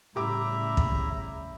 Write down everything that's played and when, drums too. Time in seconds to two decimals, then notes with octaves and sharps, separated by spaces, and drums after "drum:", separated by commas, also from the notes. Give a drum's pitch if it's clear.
0.16 A2 C#3 G3 E4 G4 E5 A#5 D6
0.77 drum: kick